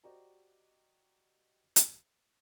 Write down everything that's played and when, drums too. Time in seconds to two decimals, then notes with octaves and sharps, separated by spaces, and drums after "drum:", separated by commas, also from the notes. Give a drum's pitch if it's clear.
0.04 F#4 G4 C5 D5 D#5 A#5
1.76 drum: hi-hat